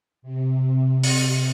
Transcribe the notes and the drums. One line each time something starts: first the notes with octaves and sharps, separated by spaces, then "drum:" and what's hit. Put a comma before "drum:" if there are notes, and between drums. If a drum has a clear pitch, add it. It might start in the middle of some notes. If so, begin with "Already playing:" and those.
C3
drum: open hi-hat